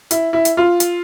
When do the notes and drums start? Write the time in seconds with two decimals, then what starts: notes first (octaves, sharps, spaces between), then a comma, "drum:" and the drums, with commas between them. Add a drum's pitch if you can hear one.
0.11 E4, drum: hi-hat
0.33 E4
0.45 drum: hi-hat
0.57 F4
0.80 drum: hi-hat